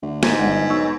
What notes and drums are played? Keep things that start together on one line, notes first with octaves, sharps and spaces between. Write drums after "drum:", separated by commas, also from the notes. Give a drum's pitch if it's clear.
D2
G#2, drum: snare
G1 G#3
B1 G#5 C#6 E6